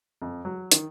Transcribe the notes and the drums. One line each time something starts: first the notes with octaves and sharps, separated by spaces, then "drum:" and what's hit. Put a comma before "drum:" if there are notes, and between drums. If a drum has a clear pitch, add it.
F2
F#3
D#3, drum: hi-hat